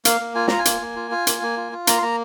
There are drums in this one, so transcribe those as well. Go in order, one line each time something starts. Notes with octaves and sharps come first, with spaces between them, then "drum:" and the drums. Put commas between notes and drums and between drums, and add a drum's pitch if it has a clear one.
A#3 F5, drum: hi-hat
A#3
F4 G#5
F4 A#5, drum: snare
G#5
A#3, drum: hi-hat
A#3
F4
F4
A#3, drum: hi-hat
A#3
F4
F4
A#3 A#5, drum: hi-hat
C6
A#3 A#5